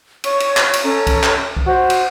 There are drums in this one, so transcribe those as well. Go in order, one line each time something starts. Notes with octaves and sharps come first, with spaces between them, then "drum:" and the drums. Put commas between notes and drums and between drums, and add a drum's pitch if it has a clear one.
C#5 C#6, drum: cymbal
drum: cymbal
drum: clap
drum: cymbal
C#4 A4 A#5
drum: kick C2, cymbal
drum: clap
drum: kick C2
F#4 C5
drum: cymbal